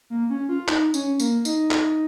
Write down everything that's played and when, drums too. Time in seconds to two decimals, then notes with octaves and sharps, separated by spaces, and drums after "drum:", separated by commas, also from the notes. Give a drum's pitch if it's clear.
0.10 A#3
0.30 C#4
0.49 F4
0.68 D#4, drum: clap
0.94 C#4, drum: tambourine
1.20 A#3, drum: tambourine
1.45 D#4, drum: tambourine
1.71 drum: clap